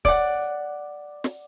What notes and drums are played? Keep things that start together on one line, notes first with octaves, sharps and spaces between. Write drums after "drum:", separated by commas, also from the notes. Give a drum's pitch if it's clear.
D5 F#5, drum: kick
drum: snare